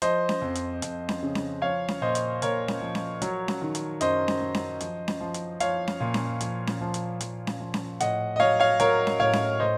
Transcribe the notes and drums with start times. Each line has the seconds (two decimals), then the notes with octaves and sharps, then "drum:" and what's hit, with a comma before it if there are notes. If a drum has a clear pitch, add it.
0.02 F3 C5 D#5, drum: hi-hat
0.29 drum: snare C#4
0.42 F2
0.55 drum: hi-hat
0.82 F2, drum: hi-hat
1.09 drum: snare C#4
1.23 C#3
1.35 drum: snare C#4
1.62 F3 C#5 F5
1.88 drum: snare C#4
2.01 A#2 C5 D#5
2.15 drum: hi-hat
2.42 A#2 A#4 C#5, drum: hi-hat
2.68 drum: snare C#4
2.81 F3
2.95 drum: snare C#4
3.22 F#3, drum: hi-hat
3.48 drum: snare C#4
3.61 D#3
3.75 drum: hi-hat
4.01 F#2 C5 D#5, drum: hi-hat
4.28 drum: snare C#4
4.41 F#3
4.54 drum: snare C#4
4.81 F3, drum: hi-hat
5.08 drum: snare C#4
5.20 F3
5.34 drum: hi-hat
5.60 F3 C#5 F5, drum: hi-hat
5.88 drum: snare C#4
6.00 A#2
6.14 drum: snare C#4
6.41 F3, drum: hi-hat
6.67 drum: snare C#4
6.81 F3
6.94 drum: hi-hat
7.21 F3, drum: hi-hat
7.47 drum: snare C#4
7.60 F3
7.74 drum: snare C#4
8.00 A2 D#5 F#5, drum: hi-hat
8.36 D#5
8.40 F#3 C#5 F5
8.60 C#5 F5
8.80 F#3 A#4 C#5, drum: hi-hat
9.07 drum: snare C#4
9.19 A2 C#5 F5
9.33 drum: snare C#4
9.60 A2 C5 D#5